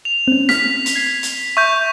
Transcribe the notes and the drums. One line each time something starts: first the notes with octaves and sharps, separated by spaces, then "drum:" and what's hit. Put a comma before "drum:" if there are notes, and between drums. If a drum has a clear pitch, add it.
F7
C4 C#4
F6 B6, drum: snare
drum: hi-hat
G#6 C7
drum: hi-hat
E5 C#6 G6